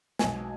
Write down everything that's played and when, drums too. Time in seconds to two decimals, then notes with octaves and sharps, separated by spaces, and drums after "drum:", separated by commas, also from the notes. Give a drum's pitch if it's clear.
0.19 B1 B2 G#3 G#5, drum: snare